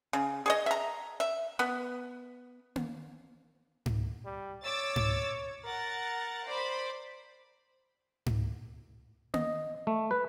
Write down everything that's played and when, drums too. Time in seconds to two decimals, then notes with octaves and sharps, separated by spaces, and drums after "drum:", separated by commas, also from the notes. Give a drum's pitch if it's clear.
0.13 C#3
0.46 G#4 C#5 D#5
0.66 E5 A#5
1.20 E5
1.59 B3 B4
2.76 drum: tom A#3
3.86 drum: tom G#2
4.25 G3
4.64 C#5 D6 E6 A6
4.96 drum: tom G#2
5.65 A#4 F#5 A6
6.46 C5 D5 B5
8.26 drum: tom G#2
9.34 D#5, drum: tom A#3
9.87 A3
10.11 B4